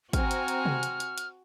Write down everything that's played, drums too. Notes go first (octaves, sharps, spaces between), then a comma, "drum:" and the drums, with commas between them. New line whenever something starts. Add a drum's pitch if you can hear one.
C4 F#4 G#5 A#5 F6, drum: kick, hi-hat
drum: hi-hat
drum: hi-hat
drum: tom C3
drum: hi-hat
drum: hi-hat
drum: hi-hat